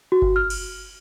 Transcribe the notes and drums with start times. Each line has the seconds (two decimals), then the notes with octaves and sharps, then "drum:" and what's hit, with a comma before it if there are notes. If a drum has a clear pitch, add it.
0.12 F#4
0.22 drum: kick G1
0.36 F6
0.50 drum: cymbal